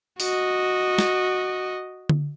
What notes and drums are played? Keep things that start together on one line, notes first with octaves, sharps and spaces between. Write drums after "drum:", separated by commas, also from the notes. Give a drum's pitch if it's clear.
F#4 D#5, drum: open hi-hat
drum: snare
drum: tom D3